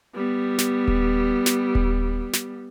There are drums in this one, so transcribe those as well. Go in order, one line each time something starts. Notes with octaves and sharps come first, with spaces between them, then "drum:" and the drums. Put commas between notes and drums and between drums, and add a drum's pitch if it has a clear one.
G3 B3
drum: snare
drum: kick D#1
drum: snare
drum: kick D#1
drum: snare